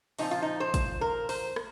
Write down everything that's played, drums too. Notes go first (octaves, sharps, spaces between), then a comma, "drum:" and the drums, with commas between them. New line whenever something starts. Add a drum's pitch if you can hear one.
A#2 F3 C4 D#4, drum: open hi-hat
F4
D#4
C5
drum: kick, hi-hat
A#4
C5, drum: open hi-hat
drum: rim click